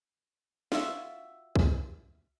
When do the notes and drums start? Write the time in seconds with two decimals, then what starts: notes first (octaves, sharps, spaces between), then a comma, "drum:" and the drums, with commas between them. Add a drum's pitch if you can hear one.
0.72 F4 F#4 E5, drum: snare
1.56 drum: kick C2